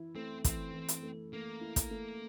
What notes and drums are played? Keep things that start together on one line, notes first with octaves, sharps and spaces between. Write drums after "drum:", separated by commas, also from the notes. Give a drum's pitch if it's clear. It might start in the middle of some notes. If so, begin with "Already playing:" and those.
Already playing: E3 E4
A3 C4
E3 C4, drum: kick, hi-hat
E3
drum: hi-hat
A3
A3 A#3
E4
drum: kick, hi-hat
A3